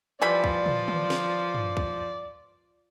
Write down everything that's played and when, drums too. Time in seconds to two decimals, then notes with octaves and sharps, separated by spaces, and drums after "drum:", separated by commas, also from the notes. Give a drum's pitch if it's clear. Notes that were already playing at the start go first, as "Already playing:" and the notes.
0.22 E3 F3 G3 D5 B5
0.44 drum: kick
0.66 drum: tom
0.88 drum: tom
1.10 drum: snare
1.55 drum: tom
1.77 drum: kick